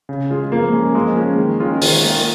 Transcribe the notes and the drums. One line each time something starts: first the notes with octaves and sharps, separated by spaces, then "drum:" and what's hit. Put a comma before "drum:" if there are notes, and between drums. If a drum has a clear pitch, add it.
C#3
G#3 F4 G#4
F3 A#3
G#3 C#4 G#4
F3 G#3
A#3 C#4 G#4
D#3
G#3 C#4 F4
D#3, drum: open hi-hat
A#3 F4